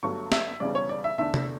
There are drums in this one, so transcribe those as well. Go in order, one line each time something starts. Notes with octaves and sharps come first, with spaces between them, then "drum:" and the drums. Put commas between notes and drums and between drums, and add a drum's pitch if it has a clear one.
G1 G2 F#3 A3 C#6
E5, drum: snare
E1 E2 C#3 G3 D5
C#5
D5
E5
E2 D3 A3 D4 E5
drum: tom C3